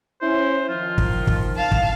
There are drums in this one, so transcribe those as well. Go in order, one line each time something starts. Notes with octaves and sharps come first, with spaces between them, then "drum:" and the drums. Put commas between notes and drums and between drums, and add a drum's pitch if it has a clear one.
C#4 E4 C5
D#3 F3 F4
drum: kick
drum: kick
F5 A5
drum: kick